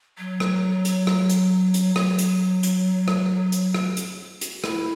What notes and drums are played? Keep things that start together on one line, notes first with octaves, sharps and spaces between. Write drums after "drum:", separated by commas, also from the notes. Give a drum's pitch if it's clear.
F#3
drum: rim click
drum: hi-hat
drum: rim click
drum: hi-hat
drum: hi-hat
F#3, drum: rim click
drum: hi-hat
drum: hi-hat
drum: rim click
drum: hi-hat
drum: rim click
drum: hi-hat
drum: hi-hat
E4, drum: rim click